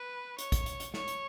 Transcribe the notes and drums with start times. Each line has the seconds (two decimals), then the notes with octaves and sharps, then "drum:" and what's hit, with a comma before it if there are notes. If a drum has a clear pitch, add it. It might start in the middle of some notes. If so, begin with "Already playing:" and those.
Already playing: B4
0.38 C#5, drum: hi-hat
0.52 drum: kick, hi-hat
0.66 drum: hi-hat
0.80 drum: hi-hat
0.94 C#5, drum: snare
1.08 drum: hi-hat